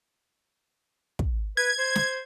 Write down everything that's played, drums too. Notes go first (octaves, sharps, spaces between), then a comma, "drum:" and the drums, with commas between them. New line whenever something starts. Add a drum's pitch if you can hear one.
drum: kick
B4 G#6
C5
drum: snare